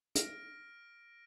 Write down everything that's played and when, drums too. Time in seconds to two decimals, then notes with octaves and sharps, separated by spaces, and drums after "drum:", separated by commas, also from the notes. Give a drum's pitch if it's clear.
0.15 F6 A#6 D7, drum: hi-hat